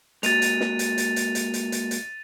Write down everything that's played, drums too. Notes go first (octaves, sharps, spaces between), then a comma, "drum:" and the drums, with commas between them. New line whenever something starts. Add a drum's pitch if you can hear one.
G#3 A#3 F#4 A6 D#7 F7, drum: hi-hat
drum: hi-hat
drum: snare
drum: hi-hat
drum: hi-hat
drum: hi-hat
drum: hi-hat
drum: hi-hat
drum: hi-hat
drum: hi-hat